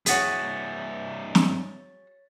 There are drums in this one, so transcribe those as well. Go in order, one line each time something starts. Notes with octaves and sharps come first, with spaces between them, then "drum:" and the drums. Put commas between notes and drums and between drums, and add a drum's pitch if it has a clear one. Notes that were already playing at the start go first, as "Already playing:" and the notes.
G2 E4 F#4 G#4 C#5 A6 B6, drum: hi-hat
drum: snare